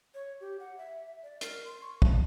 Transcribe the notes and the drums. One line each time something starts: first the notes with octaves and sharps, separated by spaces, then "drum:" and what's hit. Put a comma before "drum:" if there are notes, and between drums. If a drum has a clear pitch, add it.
C#5
G4
F#5
E5
D5
A#4, drum: hi-hat
C6
C#6
A5, drum: kick